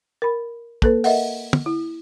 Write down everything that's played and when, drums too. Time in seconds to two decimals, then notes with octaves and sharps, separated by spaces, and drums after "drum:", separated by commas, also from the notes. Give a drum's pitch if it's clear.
0.22 A#4 B5
0.82 A#3 A4 B4, drum: kick
1.04 A#4 D#5 E5 F#5, drum: open hi-hat
1.53 drum: tom
1.66 E4